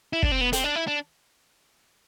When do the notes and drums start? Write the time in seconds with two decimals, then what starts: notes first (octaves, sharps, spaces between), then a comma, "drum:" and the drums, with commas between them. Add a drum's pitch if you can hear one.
0.13 E4
0.23 D4, drum: kick
0.32 C4
0.41 B3
0.53 C4, drum: hi-hat
0.64 D4
0.75 E4
0.87 D4